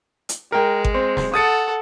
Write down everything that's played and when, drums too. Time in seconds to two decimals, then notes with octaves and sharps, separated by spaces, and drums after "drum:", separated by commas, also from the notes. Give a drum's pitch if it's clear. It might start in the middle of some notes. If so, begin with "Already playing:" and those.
0.29 drum: hi-hat
0.52 G#3 A#4 G5
0.84 drum: kick G#1
0.94 C4
1.17 drum: snare
1.34 A4 F#5 D#6 A6 C#7